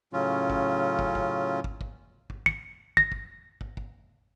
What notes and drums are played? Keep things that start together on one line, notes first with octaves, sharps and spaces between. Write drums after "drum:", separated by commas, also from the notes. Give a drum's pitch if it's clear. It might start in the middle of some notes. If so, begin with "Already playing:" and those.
A2 C#3 F#3 C#4 F4
drum: kick
drum: kick
drum: kick
drum: kick
drum: kick
drum: kick
C#7, drum: kick
A#6, drum: kick
drum: kick
drum: kick
drum: kick